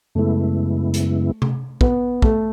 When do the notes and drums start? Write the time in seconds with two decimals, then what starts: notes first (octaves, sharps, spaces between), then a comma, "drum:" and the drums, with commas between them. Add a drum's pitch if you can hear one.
0.15 F#2 C#3 G#3 A3 B3 E4
0.94 drum: hi-hat
1.42 drum: tom C3
1.81 B3, drum: kick
2.22 A3, drum: kick